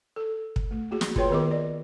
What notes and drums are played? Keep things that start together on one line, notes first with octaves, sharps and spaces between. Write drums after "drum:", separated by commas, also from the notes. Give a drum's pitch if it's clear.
A4
drum: kick
A3
A#3 F#4 G#4
drum: snare
F4 G#4 B4 C#5 G5 C6, drum: kick
D#3 B3 G#4 D#5 D6
D5